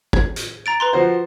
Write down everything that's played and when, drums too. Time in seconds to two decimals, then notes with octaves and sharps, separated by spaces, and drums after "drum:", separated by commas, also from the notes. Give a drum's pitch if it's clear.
0.13 G#6, drum: kick
0.36 drum: hi-hat
0.66 A#5 A6 D7
0.80 B4 A#5 C6
0.93 F3 F#4 C5